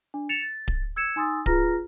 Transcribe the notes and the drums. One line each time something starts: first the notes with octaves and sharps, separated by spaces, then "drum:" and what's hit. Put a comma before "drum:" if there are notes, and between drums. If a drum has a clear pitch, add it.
D4
A6 C#7 E7 F7
A6
drum: kick D1
E6 G#6 C#7 E7
D#4 G#5 C6 D#6 E6 A6
F4 G#4 B4 A#5 F6 A#6, drum: kick D1